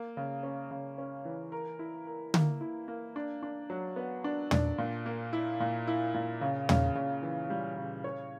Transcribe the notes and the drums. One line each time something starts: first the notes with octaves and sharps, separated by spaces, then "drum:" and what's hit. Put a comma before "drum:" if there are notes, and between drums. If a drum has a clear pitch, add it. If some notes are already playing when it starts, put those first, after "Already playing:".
Already playing: A#3
C#3
C#4
C#3
C#4
E3
A#4
E4
A#4
A#3, drum: tom D3
E4
A#3
D4
D4
F#3
B3
D4
D4, drum: tom
A#2
A#3
E4
A#2
E4
A#2
C#3
C#3, drum: tom
C#3
E3
G3
C#3
C#5